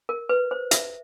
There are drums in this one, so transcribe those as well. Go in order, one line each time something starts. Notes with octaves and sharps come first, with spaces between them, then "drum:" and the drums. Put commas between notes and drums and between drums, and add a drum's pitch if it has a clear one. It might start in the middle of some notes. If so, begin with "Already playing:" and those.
A#4
B4
C5
E5, drum: hi-hat